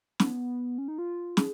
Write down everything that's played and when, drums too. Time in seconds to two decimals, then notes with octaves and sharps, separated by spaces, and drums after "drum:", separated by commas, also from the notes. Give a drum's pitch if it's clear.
0.20 B3, drum: snare
0.78 C#4
0.88 D#4
0.98 F4
1.37 G#4, drum: snare